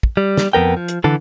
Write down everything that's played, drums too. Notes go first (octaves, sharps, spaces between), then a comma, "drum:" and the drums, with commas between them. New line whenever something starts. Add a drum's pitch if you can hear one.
drum: kick
G3
drum: snare
F2 B3 A#4 G5
F3
drum: hi-hat
D3 E3 A4